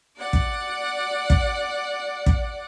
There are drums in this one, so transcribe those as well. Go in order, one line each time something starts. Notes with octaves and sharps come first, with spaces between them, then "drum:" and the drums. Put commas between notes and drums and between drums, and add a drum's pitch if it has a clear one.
D5 F#5
drum: kick
drum: kick
drum: kick